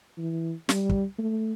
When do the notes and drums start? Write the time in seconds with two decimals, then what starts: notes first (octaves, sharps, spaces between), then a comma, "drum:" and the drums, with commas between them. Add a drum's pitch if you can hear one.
0.18 E3
0.69 G3, drum: snare
0.89 drum: kick
1.18 A3